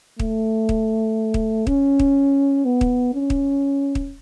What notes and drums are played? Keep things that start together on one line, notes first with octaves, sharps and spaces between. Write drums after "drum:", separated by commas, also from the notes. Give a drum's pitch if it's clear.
A3, drum: kick
drum: kick
drum: kick
C#4, drum: kick
drum: kick
B3
drum: kick
C#4
drum: kick
drum: kick